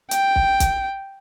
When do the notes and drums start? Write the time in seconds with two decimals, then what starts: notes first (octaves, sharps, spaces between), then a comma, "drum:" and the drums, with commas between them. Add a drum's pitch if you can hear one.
0.11 G5, drum: hi-hat
0.36 drum: kick
0.60 drum: kick, hi-hat